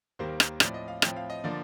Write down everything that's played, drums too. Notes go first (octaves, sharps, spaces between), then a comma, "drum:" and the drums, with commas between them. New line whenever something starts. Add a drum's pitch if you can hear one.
D#2 D#3 G3 A#3 C5
drum: rim click
A2 F3 C4 D5, drum: rim click
D#5
F5
A2 F3 C4 G5, drum: rim click
F5
D#5
D3 F3 A#3 D5